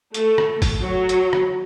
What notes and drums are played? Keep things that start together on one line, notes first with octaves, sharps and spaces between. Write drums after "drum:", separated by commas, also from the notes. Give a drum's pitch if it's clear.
A3, drum: hi-hat
drum: rim click
drum: kick, open hi-hat
F#3
drum: hi-hat
drum: rim click